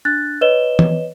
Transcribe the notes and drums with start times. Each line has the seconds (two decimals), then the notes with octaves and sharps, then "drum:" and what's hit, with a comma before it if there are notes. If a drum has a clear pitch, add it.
0.05 D4 F#6 A6
0.41 B4 C#5 D#5 E7 G7
0.79 drum: tom E3